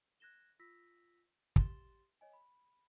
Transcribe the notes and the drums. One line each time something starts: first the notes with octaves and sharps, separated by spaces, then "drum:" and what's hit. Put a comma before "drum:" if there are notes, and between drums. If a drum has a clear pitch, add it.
F#6 G#6 A#6 E7 G7
F4 E6 A#6 B6
G4 C6 A6 E7 G7, drum: kick
C#5 D#5 G#5
B5